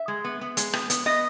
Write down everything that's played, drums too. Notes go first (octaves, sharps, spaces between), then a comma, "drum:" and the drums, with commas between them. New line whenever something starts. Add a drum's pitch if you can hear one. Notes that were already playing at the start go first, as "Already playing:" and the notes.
Already playing: E5
G#3
B3
B3
G#3, drum: hi-hat
B3, drum: rim click
B3, drum: hi-hat
B3 D#5